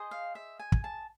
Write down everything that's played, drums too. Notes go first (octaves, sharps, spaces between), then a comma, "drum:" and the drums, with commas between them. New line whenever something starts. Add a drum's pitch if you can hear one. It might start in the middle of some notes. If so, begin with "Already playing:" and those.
Already playing: G#4 C5 D#5
F5
E5
G#5
drum: kick
A5